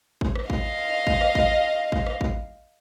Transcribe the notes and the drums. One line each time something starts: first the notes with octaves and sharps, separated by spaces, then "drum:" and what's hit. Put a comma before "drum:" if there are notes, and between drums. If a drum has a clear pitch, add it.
drum: kick
drum: rim click
D#5 F5, drum: kick
drum: kick
drum: rim click
drum: kick
drum: kick
drum: rim click
drum: kick